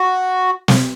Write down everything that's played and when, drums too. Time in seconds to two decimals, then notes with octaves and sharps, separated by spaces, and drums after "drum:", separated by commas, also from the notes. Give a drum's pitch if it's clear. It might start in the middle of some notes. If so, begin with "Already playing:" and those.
Already playing: F#4
0.68 drum: snare